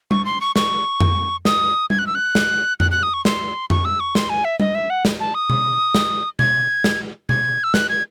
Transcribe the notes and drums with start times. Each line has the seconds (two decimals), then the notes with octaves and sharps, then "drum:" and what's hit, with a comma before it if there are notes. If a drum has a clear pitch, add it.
0.11 C#6, drum: tom G3
0.25 C6
0.41 C#6
0.56 C#6, drum: snare
1.00 drum: tom F2
1.45 D#6, drum: snare
1.90 G#6, drum: tom G3
1.99 F#6
2.07 E6
2.15 F#6
2.35 drum: snare
2.80 F#6, drum: tom F2
2.91 F#6
3.03 D#6
3.14 C#6
3.25 C6, drum: snare
3.70 C#6, drum: tom F2
3.85 E6
4.00 C#6
4.15 C6, drum: snare
4.30 G#5
4.45 E5
4.60 D#5, drum: tom G3
4.75 E5
4.90 F#5
5.05 drum: snare
5.20 A5
5.34 D#6
5.50 drum: tom B2
5.95 drum: snare
6.39 G#6, drum: tom B2
6.84 drum: snare
7.29 G#6, drum: tom B2
7.64 E6
7.74 F#6, drum: snare
7.89 G#6